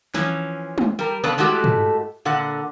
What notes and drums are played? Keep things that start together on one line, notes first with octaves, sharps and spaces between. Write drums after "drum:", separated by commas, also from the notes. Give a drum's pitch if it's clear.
E3 F3 C#4, drum: snare
drum: tom
G3 A#4
C#3 B3 C4 D4 A4 B4
A2 G#3 A3 F#4 G4 A4
drum: tom
A#2 D3 F#5